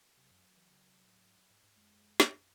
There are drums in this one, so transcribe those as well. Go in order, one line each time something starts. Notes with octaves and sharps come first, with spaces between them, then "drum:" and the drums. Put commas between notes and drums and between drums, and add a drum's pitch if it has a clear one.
C3 F#3
F#2
E3
C#3
C3
A2
G#2
G#2
G#2
F#2 G#3
drum: snare